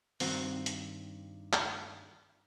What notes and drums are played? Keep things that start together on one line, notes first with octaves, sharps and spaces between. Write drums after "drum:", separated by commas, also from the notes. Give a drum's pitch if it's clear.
G2 D#3 C4 F#4 F#5, drum: open hi-hat
drum: hi-hat
drum: clap